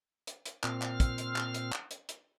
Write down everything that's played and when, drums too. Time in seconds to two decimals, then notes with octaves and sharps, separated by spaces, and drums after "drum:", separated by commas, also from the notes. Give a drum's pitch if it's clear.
0.27 drum: hi-hat
0.46 drum: hi-hat
0.64 A#2 C4 F6, drum: clap
0.82 drum: clap
1.00 drum: kick, hi-hat
1.18 drum: hi-hat
1.36 drum: clap
1.54 drum: hi-hat
1.73 drum: clap
1.91 drum: hi-hat
2.09 drum: hi-hat